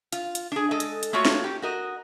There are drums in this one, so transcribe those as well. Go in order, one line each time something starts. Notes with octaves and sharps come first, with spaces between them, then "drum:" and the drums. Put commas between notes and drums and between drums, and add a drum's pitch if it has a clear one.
F4, drum: hi-hat
drum: hi-hat
D4 G#4
G#3 A4 D#5
drum: hi-hat
drum: hi-hat
A3 A#3 F4 F#4 C#5
drum: snare
G4
F#4 A#4 D#5